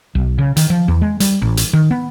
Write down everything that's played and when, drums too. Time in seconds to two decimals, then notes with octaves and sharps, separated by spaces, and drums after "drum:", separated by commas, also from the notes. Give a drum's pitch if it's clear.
0.15 B1
0.38 C#3
0.57 D#3, drum: hi-hat
0.70 F3
0.88 E2
1.02 G#3
1.20 G3, drum: hi-hat
1.42 A1
1.57 drum: hi-hat
1.73 D#3
1.91 B3